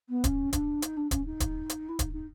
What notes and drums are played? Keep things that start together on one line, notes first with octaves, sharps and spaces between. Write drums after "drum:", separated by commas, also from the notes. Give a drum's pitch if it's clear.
B3
C#4, drum: kick D1, hi-hat
D4, drum: kick D1, hi-hat
D#4, drum: hi-hat
D4
C#4, drum: kick D1, hi-hat
D#4
drum: kick D1, hi-hat
drum: hi-hat
E4
D#4, drum: kick D1, hi-hat
D#4